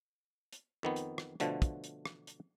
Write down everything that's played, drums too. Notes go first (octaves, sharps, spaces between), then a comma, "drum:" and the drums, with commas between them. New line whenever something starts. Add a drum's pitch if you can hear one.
drum: hi-hat
F2 D#3 B3
drum: hi-hat
drum: rim click
B2 D3 F3 A3, drum: hi-hat
drum: kick, hi-hat
drum: hi-hat
drum: rim click
drum: hi-hat